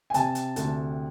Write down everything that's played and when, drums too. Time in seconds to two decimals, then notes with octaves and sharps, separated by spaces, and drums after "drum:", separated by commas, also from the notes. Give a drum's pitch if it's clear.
0.10 G#5
0.14 C3 A5, drum: hi-hat
0.35 drum: hi-hat
0.56 D2, drum: hi-hat